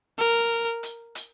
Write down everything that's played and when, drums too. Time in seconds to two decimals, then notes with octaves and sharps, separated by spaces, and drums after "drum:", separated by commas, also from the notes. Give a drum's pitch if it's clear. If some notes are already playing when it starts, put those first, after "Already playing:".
0.18 A#4
0.83 drum: hi-hat
1.15 drum: hi-hat